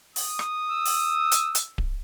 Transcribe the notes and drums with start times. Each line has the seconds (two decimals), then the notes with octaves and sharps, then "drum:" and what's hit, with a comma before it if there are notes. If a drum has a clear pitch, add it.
0.16 D#6, drum: open hi-hat
0.39 drum: rim click
0.69 E6
0.85 drum: open hi-hat
1.32 drum: hi-hat
1.55 drum: hi-hat
1.78 drum: kick D1